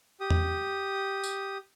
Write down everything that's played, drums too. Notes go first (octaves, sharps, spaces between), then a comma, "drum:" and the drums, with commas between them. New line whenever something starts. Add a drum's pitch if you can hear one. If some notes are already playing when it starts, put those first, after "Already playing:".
G4 D#6
drum: tom E2
drum: tambourine